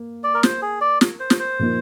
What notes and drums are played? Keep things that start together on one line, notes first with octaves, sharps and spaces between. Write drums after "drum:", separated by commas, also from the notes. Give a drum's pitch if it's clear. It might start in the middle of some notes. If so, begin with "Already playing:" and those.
Already playing: A#3
D5
A#4
C5, drum: snare
G#4
D5
drum: snare
C5
drum: snare
C5
A#2 F3 A#3 D#4